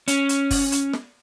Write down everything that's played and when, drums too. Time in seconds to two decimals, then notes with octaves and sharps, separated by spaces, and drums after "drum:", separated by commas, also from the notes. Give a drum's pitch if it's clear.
0.08 C#4, drum: hi-hat
0.29 drum: hi-hat
0.51 drum: kick, open hi-hat
0.72 drum: hi-hat
0.93 drum: snare